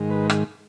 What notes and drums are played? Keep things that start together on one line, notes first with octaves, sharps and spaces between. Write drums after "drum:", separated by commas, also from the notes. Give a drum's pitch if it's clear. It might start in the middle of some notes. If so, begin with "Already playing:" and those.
Already playing: G#2 D#3 G#3
B4
drum: rim click